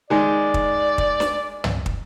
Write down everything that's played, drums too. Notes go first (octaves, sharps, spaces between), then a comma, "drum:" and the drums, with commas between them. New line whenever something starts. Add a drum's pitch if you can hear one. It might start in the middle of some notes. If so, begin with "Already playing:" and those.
D#3 G#3 D5
drum: kick
drum: kick
drum: snare
drum: tom
drum: kick